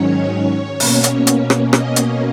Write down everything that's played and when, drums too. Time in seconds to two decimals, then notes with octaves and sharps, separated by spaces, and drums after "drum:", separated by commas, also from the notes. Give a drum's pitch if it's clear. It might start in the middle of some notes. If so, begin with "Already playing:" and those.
Already playing: G#2 D#3 F#3 C#4 C#5
0.80 B2 A#3 C#4, drum: open hi-hat
1.04 drum: hi-hat
1.27 drum: hi-hat
1.50 drum: rim click
1.73 D#5, drum: rim click
1.96 drum: hi-hat